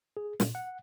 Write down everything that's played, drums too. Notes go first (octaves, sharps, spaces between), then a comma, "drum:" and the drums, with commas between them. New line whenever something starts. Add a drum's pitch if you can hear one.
G#4
A#2, drum: snare
F#5